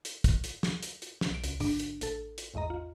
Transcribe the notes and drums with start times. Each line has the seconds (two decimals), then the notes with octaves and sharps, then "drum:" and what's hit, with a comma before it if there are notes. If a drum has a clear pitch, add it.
0.05 drum: hi-hat
0.24 drum: kick, hi-hat
0.44 drum: hi-hat
0.63 drum: snare
0.83 drum: hi-hat
1.02 drum: hi-hat
1.21 drum: snare
1.30 B1 D7
1.44 C#2, drum: hi-hat
1.60 A1 G#2 D3 D4 D7, drum: open hi-hat
1.80 drum: hi-hat
2.01 A1 A4, drum: hi-hat
2.38 drum: hi-hat
2.54 A1 E2 G#2 D#5 A#5
2.70 F4